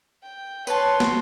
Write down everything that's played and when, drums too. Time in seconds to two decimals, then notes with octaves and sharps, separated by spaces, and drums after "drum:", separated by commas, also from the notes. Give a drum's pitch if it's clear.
0.23 G5
0.67 B4 C#5 A5 C6, drum: tambourine
1.00 drum: snare